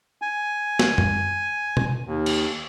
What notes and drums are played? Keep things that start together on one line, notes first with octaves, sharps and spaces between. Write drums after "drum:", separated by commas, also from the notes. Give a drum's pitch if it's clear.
G#5
drum: snare
drum: tom F#2
drum: tom B2
D#2
drum: cymbal